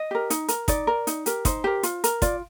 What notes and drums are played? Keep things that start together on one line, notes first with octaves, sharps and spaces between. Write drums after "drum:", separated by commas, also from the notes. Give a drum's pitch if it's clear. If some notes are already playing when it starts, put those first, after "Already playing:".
Already playing: D#5
G4 A#4
D#4, drum: hi-hat
A#4, drum: hi-hat
D#4 D5, drum: kick, hi-hat
A#4
D#4, drum: hi-hat
G4 A#4, drum: hi-hat
D#4 C5, drum: kick, hi-hat
G4 A#4
F4, drum: hi-hat
A#4, drum: hi-hat
F4 D5, drum: kick, hi-hat